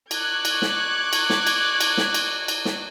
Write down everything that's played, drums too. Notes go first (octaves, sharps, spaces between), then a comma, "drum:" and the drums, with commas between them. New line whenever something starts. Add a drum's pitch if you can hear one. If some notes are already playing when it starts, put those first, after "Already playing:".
C#6 D6 F#6 G#6, drum: cymbal
drum: cymbal
drum: snare
drum: cymbal
drum: snare
drum: cymbal
drum: cymbal
drum: snare
drum: cymbal
drum: cymbal
drum: snare